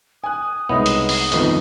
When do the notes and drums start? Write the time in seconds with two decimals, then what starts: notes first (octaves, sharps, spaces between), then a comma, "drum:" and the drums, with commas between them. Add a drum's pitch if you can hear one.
0.24 G#5 D#6 F#6
0.69 C2 G#3 B3 D#4 C#5 E5
0.86 drum: hi-hat
1.09 drum: open hi-hat
1.32 G1 F2 D#3 A3 B3 D#4, drum: hi-hat